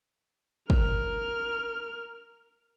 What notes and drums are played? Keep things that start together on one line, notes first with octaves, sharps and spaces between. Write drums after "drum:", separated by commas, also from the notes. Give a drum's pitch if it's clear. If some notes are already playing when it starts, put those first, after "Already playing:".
A#4 F6, drum: kick